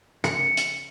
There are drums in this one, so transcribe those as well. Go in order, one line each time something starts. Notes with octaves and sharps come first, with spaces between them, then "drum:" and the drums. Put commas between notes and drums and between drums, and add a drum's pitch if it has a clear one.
C#7, drum: hi-hat
drum: hi-hat